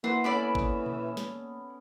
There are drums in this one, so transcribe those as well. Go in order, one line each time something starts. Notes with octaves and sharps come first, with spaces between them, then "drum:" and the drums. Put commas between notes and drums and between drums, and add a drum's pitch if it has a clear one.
E3 A#3 F#4 C5
B3 C#4 A4 D5 B5 D6
drum: kick
drum: tom A#2
drum: snare